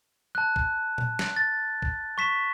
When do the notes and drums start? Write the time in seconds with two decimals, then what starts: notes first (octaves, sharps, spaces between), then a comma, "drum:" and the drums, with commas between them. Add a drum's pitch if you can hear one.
0.35 A5 F#6
0.56 drum: kick A1
0.98 drum: tom A#2
1.19 drum: snare
1.36 A6
1.82 drum: kick A1
2.18 C#6 B6 E7